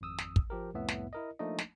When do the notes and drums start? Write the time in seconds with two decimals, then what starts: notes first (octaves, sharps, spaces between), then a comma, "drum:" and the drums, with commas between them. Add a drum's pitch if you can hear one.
0.01 G#1 F2 D#6 E6
0.18 drum: snare
0.36 drum: kick
0.50 F3 G4 A#4
0.74 C2 F2 A2 B3 E5
0.88 drum: snare
1.13 E4 A#4 D#5
1.39 F3 A3 A#3 D4 D#4 D#5
1.58 drum: snare